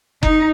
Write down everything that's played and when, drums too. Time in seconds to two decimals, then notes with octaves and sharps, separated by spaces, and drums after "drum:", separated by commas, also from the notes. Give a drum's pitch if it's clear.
0.23 D#4, drum: kick F#1